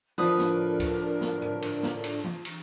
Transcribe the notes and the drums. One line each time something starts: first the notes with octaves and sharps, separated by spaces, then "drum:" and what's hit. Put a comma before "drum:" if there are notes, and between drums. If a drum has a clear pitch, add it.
A2 D3 F3 D4 A#4 B4 D#6
drum: snare
drum: kick C#2, cymbal
drum: snare
drum: tom
drum: cymbal
drum: snare
drum: cymbal
drum: tom E3
drum: cymbal